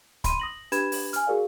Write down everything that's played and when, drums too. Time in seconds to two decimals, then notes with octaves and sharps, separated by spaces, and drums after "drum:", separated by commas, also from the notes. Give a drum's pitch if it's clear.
0.24 B5 C6 D#7, drum: kick, hi-hat
0.40 D#6 A#6 F#7
0.72 D4 G4 B4 B5 G#6 E7, drum: hi-hat
0.92 drum: open hi-hat
1.13 G#5 F6, drum: hi-hat
1.27 F#4 G#4 A#4 D5 F5